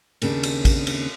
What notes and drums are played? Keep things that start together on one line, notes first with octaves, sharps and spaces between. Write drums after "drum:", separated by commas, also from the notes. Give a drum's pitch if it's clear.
D#2 C#3 C4 D4, drum: cymbal
drum: cymbal
drum: kick, cymbal
drum: cymbal